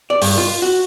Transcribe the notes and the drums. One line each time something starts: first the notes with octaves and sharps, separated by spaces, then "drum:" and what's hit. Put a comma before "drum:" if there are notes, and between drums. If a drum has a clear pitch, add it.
D5
G2, drum: open hi-hat
F4
F#4